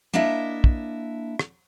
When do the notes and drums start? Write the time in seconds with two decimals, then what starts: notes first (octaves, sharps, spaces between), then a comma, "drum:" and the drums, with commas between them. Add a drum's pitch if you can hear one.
0.14 A#3 D4 E4 D#5 E5
0.64 drum: kick
1.39 drum: rim click